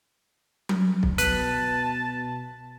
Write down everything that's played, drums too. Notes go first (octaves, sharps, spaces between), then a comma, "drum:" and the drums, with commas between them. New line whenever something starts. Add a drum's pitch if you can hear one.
drum: tom F#3
drum: kick B1
B2 B4 A5, drum: hi-hat